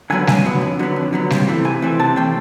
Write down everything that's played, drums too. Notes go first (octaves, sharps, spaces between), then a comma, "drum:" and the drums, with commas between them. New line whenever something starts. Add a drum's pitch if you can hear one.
D3 F#3 B3 G#5
F2 G#5, drum: snare G3
D3 F#3 B3
F2
D3 F#3 B3
F2
D3 F#3 B3
C3, drum: snare G3
E3 A3 C4
C3 G#5
E3 A3 C4
C3 A5
E3 A3 C4 G5